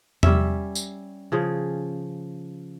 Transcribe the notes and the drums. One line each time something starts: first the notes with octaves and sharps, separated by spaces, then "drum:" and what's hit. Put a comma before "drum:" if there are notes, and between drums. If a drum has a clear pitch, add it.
G3 C#4 E5, drum: tom E2
drum: tambourine
C#3 F3 G#4